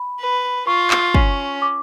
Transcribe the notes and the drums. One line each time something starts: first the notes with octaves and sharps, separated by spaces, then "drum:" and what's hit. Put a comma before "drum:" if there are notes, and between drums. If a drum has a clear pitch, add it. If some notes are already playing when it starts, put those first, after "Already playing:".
Already playing: B5
B4
F4 C#6
drum: clap
C#4, drum: kick
D6